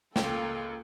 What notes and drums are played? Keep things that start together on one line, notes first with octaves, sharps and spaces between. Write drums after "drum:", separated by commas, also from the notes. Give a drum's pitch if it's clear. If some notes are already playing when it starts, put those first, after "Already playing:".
C#2 A#3 F4 G4 A4 G5, drum: snare